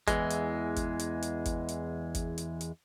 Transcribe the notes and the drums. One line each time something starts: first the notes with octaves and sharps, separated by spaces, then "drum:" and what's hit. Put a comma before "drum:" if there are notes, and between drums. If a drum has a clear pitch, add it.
E2 E3 G#3, drum: kick G1, hi-hat
drum: hi-hat
drum: kick G1, hi-hat
drum: hi-hat
drum: hi-hat
drum: kick G1, hi-hat
drum: hi-hat
drum: kick G1, hi-hat
drum: hi-hat
drum: hi-hat